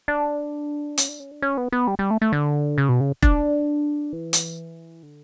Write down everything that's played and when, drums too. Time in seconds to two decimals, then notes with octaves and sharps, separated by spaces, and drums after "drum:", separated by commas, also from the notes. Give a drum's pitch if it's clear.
0.08 D4
0.98 C#4, drum: hi-hat
1.09 D4
1.20 C#4
1.31 D4
1.42 C#4
1.57 B3
1.72 B3
1.88 G3
1.99 G3
2.11 A3
2.21 A3
2.32 D3
2.78 C#3
2.89 B2
3.00 C#3
3.22 D4, drum: kick E1
4.13 E3
4.33 drum: hi-hat
5.03 D3